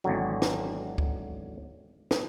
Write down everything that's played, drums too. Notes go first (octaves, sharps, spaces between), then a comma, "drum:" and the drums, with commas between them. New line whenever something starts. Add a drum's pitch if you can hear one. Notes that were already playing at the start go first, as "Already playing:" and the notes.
G#1 E2 D3 F#3
drum: snare
drum: kick
drum: snare